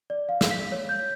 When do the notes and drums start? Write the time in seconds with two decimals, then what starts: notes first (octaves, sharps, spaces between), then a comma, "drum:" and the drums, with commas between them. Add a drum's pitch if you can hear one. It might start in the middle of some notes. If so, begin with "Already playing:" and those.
0.10 D5
0.29 F5
0.41 drum: snare
0.51 B6
0.72 C#5
0.89 G6